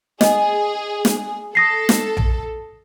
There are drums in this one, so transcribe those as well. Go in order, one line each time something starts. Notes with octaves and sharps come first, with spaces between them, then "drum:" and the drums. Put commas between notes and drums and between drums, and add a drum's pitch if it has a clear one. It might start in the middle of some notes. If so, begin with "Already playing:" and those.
G#4 D#5, drum: snare
drum: snare
A4 D#6 A#6 C7
drum: snare
drum: tom A#1